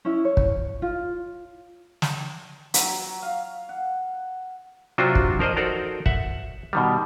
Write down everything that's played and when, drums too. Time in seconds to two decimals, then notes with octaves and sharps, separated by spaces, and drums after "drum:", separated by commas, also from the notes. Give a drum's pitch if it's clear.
0.05 C#4 E4
0.25 C#5
0.37 drum: kick
0.82 F4
2.02 drum: snare
2.74 F#3, drum: hi-hat
3.22 F5
3.69 F#5
4.98 C3 F#3 D4 F4 F#4 C5
5.15 drum: kick
5.39 F3 A#4 C5 D5 D#5
5.57 D#4 F#4 A4 A#4 C5 D5
6.06 E5 F#5, drum: kick
6.73 B2 D#3 G3